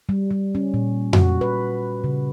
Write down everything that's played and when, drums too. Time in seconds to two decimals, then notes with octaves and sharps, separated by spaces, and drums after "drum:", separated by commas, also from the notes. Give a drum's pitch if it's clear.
0.09 G3
0.31 G3
0.55 C#4
0.74 A#2
1.13 F#4, drum: tom F2
1.41 B4
2.04 C#3